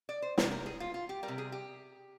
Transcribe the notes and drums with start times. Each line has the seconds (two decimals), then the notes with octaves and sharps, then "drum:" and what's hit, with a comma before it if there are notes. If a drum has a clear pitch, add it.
0.09 D5
0.22 C5
0.38 C3 G3 A#4, drum: snare
0.51 A#4
0.66 G#4
0.80 F4
0.94 F4
1.09 G4
1.23 G3 A#4
1.28 C3
1.38 G#4
1.52 G4